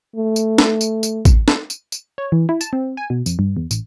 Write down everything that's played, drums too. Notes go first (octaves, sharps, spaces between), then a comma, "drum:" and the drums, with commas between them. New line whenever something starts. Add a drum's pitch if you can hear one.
A3
drum: tambourine
drum: snare
drum: tambourine
drum: tambourine
drum: kick, tambourine
drum: snare
drum: tambourine
drum: tambourine
C#5
E3
E4
A5, drum: tambourine
C4
G#5
B2
F2, drum: tambourine
G2
E2
A1, drum: tambourine